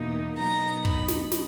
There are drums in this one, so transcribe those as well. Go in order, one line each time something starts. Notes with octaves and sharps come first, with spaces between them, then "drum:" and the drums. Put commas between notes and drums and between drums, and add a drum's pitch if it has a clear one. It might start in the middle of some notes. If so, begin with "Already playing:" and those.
Already playing: E2 B2 A#3 D#4
B2 F#3 B3 D#4 A#5
B5, drum: kick
drum: snare
drum: snare